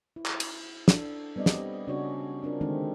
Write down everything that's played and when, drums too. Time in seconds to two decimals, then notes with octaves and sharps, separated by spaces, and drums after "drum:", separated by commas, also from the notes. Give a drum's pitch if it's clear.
0.16 E4
0.25 drum: clap
0.40 drum: cymbal
0.88 D4 A4, drum: snare
1.36 G3 B3 C4 D5 D#5
1.46 drum: snare
1.87 C#3 C#4 D4 F#4 C#5
2.43 C4 D4 F4 A#4
2.61 D3 D#3 G#3 A3 C4 D#4